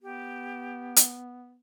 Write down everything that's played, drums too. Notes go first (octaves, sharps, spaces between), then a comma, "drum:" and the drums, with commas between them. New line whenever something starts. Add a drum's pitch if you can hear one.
B3 G4
drum: hi-hat